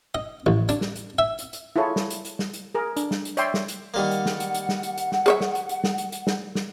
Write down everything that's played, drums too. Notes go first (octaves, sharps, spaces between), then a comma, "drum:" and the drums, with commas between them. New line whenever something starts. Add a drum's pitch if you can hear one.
D#5
A1
D4, drum: hi-hat
drum: snare
drum: hi-hat
E5
drum: hi-hat
drum: hi-hat
E4 F4 G#4 A4 C#5
drum: snare
drum: hi-hat
drum: hi-hat
drum: snare
drum: hi-hat
G#4 A#4
D4, drum: hi-hat
drum: snare
drum: hi-hat
C#5 D5 E5 G5 C6, drum: hi-hat
drum: snare
drum: hi-hat
D#3 G3 A#3 F#5
drum: hi-hat
drum: snare
drum: hi-hat
drum: hi-hat
drum: snare
drum: hi-hat
drum: hi-hat
drum: snare
G#4 C#5 E5, drum: hi-hat
drum: snare
drum: hi-hat
drum: hi-hat
drum: snare
drum: hi-hat
drum: hi-hat
drum: snare
drum: snare